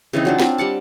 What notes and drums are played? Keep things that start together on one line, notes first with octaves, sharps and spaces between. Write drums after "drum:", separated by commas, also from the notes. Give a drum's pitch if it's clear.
C#3 E3 C4 D#4
F#3 D4 F4
C4, drum: snare
G3 D5 F#5 A5